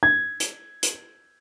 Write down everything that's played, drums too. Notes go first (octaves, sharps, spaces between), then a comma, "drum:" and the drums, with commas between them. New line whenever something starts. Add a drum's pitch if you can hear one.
G#6
drum: hi-hat
drum: hi-hat